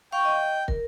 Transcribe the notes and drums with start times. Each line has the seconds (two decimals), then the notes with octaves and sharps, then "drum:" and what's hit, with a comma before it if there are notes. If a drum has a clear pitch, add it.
0.12 F5 G5 C#6
0.25 D#5
0.68 A#4, drum: kick